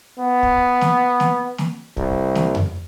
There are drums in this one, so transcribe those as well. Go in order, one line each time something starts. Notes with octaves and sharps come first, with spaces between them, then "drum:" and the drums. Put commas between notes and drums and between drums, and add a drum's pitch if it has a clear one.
B3
drum: kick
drum: snare
drum: snare
drum: snare
C2, drum: kick
drum: snare
drum: tom F2